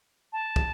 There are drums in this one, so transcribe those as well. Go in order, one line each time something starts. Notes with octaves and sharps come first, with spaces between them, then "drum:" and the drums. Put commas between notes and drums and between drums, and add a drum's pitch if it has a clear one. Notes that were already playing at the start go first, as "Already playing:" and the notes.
A5
drum: kick